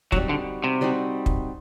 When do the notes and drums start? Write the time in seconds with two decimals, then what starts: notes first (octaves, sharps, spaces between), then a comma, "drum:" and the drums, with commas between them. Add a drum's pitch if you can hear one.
0.12 F#3 G3 C4 D#4 F#4, drum: kick
0.29 D3
0.64 C3
0.81 G3 C4 D#4 F#4
1.26 drum: kick